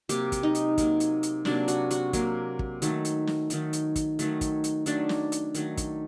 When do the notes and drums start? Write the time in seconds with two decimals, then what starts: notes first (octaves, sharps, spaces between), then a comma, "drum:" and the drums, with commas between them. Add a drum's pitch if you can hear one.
0.09 C3 F#3 A#3 G4, drum: hi-hat
0.32 drum: kick, hi-hat
0.43 D#4
0.55 drum: hi-hat
0.78 C3 F#3 A#3, drum: kick, hi-hat
1.00 drum: hi-hat
1.23 drum: hi-hat
1.45 C3 F#3 A#3 D4, drum: snare
1.68 F#4, drum: hi-hat
1.91 F#4, drum: hi-hat
2.13 C3 F#3 A#3, drum: kick, hi-hat
2.59 drum: kick
2.82 D#3 F#3 A3, drum: hi-hat
3.05 drum: hi-hat
3.27 drum: snare
3.50 D#3 F#3 A3, drum: hi-hat
3.73 drum: hi-hat
3.96 drum: kick, hi-hat
4.19 D#3 F#3 A3, drum: hi-hat
4.41 drum: kick, hi-hat
4.64 drum: hi-hat
4.86 D#3 F#3 A3 D4, drum: hi-hat
5.09 drum: snare
5.32 drum: hi-hat
5.54 D#3 F#3 A3, drum: hi-hat
5.77 drum: kick, hi-hat